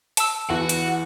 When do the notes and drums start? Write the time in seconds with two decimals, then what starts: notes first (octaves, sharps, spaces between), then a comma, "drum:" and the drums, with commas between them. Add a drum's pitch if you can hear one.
0.17 A5 E6, drum: hi-hat
0.50 E2 E3 F#4 F#5
0.69 drum: hi-hat